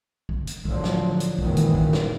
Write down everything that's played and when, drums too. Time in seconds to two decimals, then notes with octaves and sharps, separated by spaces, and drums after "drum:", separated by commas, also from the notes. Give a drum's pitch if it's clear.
0.29 drum: kick
0.47 drum: hi-hat
0.65 A2 D3 F3 F#3, drum: kick
0.84 drum: snare
1.20 drum: hi-hat
1.39 F#2 A#2 D#3 E3 F#3 G#3, drum: kick
1.57 drum: hi-hat
1.75 drum: kick
1.93 drum: snare